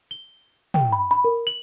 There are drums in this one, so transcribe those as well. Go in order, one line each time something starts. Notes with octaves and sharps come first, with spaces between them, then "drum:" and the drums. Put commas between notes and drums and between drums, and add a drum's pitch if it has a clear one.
G7
G5, drum: tom
B5
B5
A#4
F#7